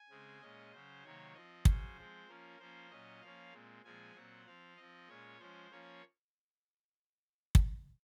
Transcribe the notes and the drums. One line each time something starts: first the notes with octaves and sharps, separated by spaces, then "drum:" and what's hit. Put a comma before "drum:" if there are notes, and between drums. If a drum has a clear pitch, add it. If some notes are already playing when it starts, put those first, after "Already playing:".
Already playing: G#5
C#3 G#3 C4
A#2 G#3 C#4 D#5
C#3 F#3 C#4 C5
C3 D#3 F#3 A#3 C#5
F3 C4 D#5
C#3 F#3 C#4 C5, drum: kick
F3 G#3 C4
F3 A#3 C#4 A#4
F3 A#3 C#4 C5
A#2 F#3 C#4 D#5
F3 A#3 C#4 F5
A#2 G#3 C4
A#2 F3 G#3 C4 G#5
A#2 F#3 C4 F#5
F3 C4 F5
F3 C4 D#5
A#2 G#3 C#4 C#5
F3 G#3 C#4 C5
F3 A#3 C#4 C#5
drum: kick